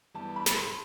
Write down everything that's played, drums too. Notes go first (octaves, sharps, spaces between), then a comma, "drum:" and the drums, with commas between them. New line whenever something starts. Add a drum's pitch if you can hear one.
G2 E3 G3 B3 A5
B5
drum: snare
C6